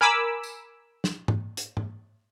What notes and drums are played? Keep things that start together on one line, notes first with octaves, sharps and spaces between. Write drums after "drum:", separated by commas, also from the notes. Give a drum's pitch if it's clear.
A#4 G#5 B5 D6 E6
drum: tambourine
drum: snare
drum: tom G#2
drum: hi-hat
drum: tom G#2